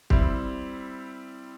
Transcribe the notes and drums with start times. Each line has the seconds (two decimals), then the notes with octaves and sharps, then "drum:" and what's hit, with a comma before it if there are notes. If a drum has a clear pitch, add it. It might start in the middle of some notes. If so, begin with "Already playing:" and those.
0.10 G3 C4 E4, drum: kick